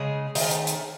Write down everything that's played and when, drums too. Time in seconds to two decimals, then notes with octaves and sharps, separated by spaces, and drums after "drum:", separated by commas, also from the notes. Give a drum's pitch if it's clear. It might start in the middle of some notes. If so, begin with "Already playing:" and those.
Already playing: C#3 G#3 G#4
0.35 D#3, drum: open hi-hat
0.40 A3
0.51 drum: hi-hat
0.67 drum: hi-hat